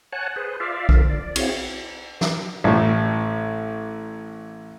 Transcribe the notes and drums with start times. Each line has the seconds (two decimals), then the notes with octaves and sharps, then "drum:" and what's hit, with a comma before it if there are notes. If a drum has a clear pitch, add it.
0.12 C#5 F#5 G#5 A5 F#6
0.36 G#4 B4 C5
0.60 F4 D5 E5 F5
0.89 D3 F3 A#4, drum: kick B1
1.10 D5
1.36 C4 E4 F#4 G#4 C#5 F5, drum: cymbal
2.21 drum: snare
2.64 A1 A2